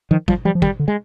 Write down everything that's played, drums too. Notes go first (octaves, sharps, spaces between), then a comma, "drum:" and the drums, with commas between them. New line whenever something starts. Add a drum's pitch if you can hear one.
D#3 F3
F3 G3, drum: kick
F3 G3
F3
D#3 G3, drum: kick
D3
G#3